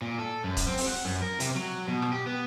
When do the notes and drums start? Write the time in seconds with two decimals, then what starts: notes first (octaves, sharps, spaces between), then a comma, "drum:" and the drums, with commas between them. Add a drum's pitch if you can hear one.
0.02 A#2
0.19 A4
0.44 F#2
0.57 drum: kick C#1, hi-hat
0.67 C4
0.77 drum: open hi-hat
0.87 F#5
1.05 F#2
1.22 A#4
1.40 C3, drum: hi-hat
1.55 F#3
1.88 B2
2.02 drum: rim click
2.12 G4
2.26 B3